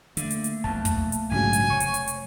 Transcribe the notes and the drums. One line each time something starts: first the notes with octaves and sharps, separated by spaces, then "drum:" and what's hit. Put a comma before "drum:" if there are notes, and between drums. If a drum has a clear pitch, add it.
D3 A3 A#3, drum: hi-hat
drum: hi-hat
drum: hi-hat
F1 B1 E2 A5
drum: kick, hi-hat
drum: hi-hat
A#1 G#2 C#3 F#3 G#5
drum: hi-hat
F1 C#5 C#6
drum: hi-hat
drum: hi-hat
drum: hi-hat